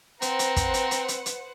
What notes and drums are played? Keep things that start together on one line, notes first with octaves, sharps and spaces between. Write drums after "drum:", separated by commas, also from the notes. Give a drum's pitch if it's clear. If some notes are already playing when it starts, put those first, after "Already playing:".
C4 B4 C5 F#5 A#5, drum: hi-hat
drum: hi-hat
drum: kick, hi-hat
drum: hi-hat
drum: hi-hat
drum: hi-hat
drum: hi-hat